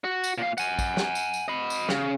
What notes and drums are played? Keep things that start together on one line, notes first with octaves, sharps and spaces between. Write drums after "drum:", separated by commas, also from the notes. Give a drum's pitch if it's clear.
F#4
drum: tambourine
A#2 F5
F#5 G#5, drum: tambourine
drum: kick, tambourine
drum: snare
drum: tambourine
drum: tambourine
D#5 B5
drum: tambourine
C#3, drum: snare